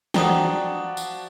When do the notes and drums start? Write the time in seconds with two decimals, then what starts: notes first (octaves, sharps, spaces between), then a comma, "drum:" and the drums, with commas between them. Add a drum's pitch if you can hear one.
0.14 F3 D4 F#4 G5 A#5 D#6, drum: snare
0.97 drum: tambourine